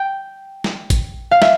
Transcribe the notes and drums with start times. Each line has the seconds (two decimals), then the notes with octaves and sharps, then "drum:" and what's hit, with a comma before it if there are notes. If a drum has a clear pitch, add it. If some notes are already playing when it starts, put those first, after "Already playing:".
Already playing: G5
0.64 drum: snare
0.90 drum: kick A1, hi-hat
1.31 F5
1.42 E5, drum: snare